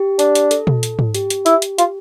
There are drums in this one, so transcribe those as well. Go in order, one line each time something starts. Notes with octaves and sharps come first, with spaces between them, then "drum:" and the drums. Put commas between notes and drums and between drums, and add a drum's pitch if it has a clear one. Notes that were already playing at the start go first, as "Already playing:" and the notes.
Already playing: G4
D4, drum: hi-hat
drum: hi-hat
A4, drum: hi-hat
drum: tom A#2
drum: hi-hat
drum: tom G#2
G4, drum: hi-hat
drum: hi-hat
E4, drum: hi-hat
drum: hi-hat
F4, drum: hi-hat